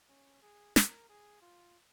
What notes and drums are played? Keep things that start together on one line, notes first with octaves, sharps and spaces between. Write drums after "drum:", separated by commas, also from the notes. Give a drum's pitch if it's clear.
C#4
G#4
A#4, drum: snare
G#4
F4